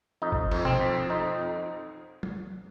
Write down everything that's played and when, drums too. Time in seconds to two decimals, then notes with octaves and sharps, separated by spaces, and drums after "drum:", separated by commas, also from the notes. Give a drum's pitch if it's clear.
0.22 F2 D#4
0.32 drum: kick
0.51 F2, drum: cymbal
0.65 C4, drum: tom
0.80 F2
1.09 F2 D#4
1.38 F2
2.23 drum: tom